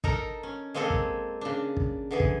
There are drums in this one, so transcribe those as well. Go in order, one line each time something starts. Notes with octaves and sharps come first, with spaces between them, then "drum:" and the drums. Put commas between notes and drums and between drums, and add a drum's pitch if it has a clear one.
D#4 A4 A#4 A#5, drum: kick
C#4
G#3 A#3 C4 G#4 A4 D#5
drum: kick
C#3 D4
drum: kick
D3 E3 G#4
drum: kick